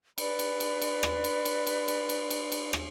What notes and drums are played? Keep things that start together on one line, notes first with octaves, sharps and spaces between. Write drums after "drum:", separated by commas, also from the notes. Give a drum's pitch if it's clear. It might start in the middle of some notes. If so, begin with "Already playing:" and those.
B4 D5 B5, drum: cymbal
drum: cymbal
drum: cymbal
drum: cymbal
drum: rim click
drum: cymbal
drum: cymbal
drum: cymbal
drum: cymbal
drum: cymbal
drum: cymbal
drum: cymbal
drum: rim click